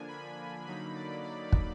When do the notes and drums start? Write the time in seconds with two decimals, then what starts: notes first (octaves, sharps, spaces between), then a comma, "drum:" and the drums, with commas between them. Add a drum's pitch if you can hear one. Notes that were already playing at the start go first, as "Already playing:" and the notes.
Already playing: D3 F3 A#3 D4 G#5
0.08 B5
0.66 D3 F#3 A#3 D#4 B5
0.95 D5
1.24 D5
1.52 drum: kick